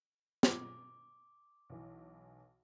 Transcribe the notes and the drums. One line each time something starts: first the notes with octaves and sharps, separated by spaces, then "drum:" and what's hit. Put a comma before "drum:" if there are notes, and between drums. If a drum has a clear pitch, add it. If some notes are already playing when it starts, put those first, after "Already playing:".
D6, drum: snare
B1 E3